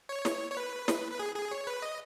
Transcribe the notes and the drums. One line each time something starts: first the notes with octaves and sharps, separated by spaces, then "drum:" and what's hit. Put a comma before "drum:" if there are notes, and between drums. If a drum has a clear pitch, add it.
C#5
drum: snare
C#5
B4
drum: snare
B4
G#4
G#4
C#5
B4
D#5